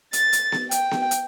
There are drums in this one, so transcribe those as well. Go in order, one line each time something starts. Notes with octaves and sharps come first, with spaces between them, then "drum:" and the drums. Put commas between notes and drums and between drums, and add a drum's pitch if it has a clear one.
A6, drum: hi-hat
drum: hi-hat
drum: snare B3
G5, drum: hi-hat
drum: snare B3
drum: hi-hat